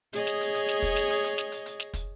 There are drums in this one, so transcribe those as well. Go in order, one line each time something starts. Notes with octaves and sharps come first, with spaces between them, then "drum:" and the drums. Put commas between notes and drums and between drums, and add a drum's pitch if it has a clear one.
G#4 C#5 D#5, drum: hi-hat
drum: snare
drum: hi-hat
drum: hi-hat
drum: snare
drum: kick, hi-hat
drum: snare
drum: hi-hat
drum: hi-hat
drum: snare
drum: hi-hat
drum: hi-hat
drum: snare
drum: kick, hi-hat